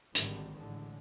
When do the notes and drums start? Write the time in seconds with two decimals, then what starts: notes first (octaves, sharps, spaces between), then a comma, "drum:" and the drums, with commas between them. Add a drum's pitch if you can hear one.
0.15 G#1 G#2 D3 D#3 G3, drum: hi-hat
0.56 A1 D3 G#3